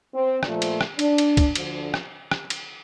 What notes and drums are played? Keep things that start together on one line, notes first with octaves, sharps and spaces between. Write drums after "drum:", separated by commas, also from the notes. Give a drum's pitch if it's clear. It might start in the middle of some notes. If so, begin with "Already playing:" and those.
C4
A#2 F3 A3, drum: rim click
drum: cymbal
drum: rim click
D4, drum: cymbal
drum: cymbal
drum: kick, cymbal
D2 D3 F3, drum: cymbal
drum: rim click
drum: rim click
drum: cymbal